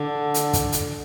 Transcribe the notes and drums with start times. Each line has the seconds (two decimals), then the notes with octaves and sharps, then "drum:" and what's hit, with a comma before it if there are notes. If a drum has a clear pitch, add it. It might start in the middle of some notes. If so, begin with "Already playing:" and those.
Already playing: D3
0.34 drum: hi-hat
0.53 drum: kick, hi-hat
0.72 drum: hi-hat